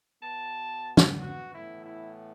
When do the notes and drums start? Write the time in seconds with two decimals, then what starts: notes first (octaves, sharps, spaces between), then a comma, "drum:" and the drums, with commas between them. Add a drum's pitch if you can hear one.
0.21 B2 B3 A5
0.97 drum: snare
1.19 F#4
1.50 A2 E3 B3 E4
1.83 E4